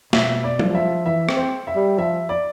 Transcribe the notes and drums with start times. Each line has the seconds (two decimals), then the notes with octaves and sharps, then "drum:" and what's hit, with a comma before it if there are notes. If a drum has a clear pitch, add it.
0.13 B2 E5, drum: snare
0.44 D5
0.59 F3, drum: tom F#3
0.75 E5
1.06 E3 E5
1.29 C4, drum: rim click
1.37 C5
1.67 E5
1.75 G3
1.99 F3 E5
2.29 D5